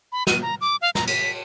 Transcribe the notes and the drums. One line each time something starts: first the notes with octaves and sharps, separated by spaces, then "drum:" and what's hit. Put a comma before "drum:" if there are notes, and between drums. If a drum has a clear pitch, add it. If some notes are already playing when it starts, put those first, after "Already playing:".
B5
D#7, drum: snare
A#5
D6
F5
A#5, drum: snare
B6, drum: cymbal